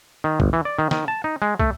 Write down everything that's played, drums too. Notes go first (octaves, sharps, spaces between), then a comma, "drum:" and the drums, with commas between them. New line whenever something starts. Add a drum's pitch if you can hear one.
D#3
G1, drum: kick
E3
D5
D#3
D#3, drum: snare
A5
D#4
G#3
A3, drum: kick